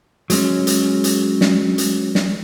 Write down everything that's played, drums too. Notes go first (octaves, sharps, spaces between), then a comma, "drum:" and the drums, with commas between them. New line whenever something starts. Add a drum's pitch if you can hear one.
F#3 G#3 C#4, drum: hi-hat
drum: hi-hat
drum: hi-hat
drum: snare
drum: hi-hat
drum: snare